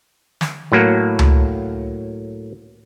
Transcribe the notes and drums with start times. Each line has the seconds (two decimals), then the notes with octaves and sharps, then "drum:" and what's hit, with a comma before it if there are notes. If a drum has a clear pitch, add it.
0.41 drum: snare
0.72 A2 F#3 A#3
1.19 drum: tom C#2